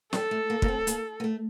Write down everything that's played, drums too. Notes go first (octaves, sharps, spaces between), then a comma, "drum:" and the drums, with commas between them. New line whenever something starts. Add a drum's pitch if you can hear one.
G3 A4, drum: snare
A3
A#3
A#3, drum: kick
C4
A#3, drum: hi-hat
A#3
A3